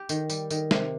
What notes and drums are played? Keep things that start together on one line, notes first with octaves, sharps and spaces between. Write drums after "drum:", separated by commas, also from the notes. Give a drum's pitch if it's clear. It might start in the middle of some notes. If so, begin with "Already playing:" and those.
Already playing: G4
D#3, drum: tambourine
G3, drum: tambourine
D#3, drum: tambourine
C3, drum: snare